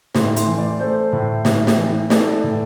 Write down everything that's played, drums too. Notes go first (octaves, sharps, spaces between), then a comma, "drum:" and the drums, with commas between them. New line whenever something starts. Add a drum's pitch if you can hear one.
A2 C6, drum: snare
C6, drum: hi-hat
E3
D5
A3 C5
A2
A2, drum: snare
drum: snare
E3
A3 D5, drum: snare
A2